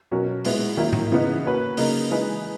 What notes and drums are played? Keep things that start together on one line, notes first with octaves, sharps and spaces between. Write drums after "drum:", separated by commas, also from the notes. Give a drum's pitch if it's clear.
B2 F#3 C#4 F#4 A#4
A#2 G#3 B3 E4, drum: open hi-hat
D#3 F#3 A#3 E4
drum: tom G#2
C#3 E3 B3 D#4
A#3 C#4 F#4 B4
C#3 F#3 A#3 D#4, drum: open hi-hat
E3 G#3 D#4 G#4 B4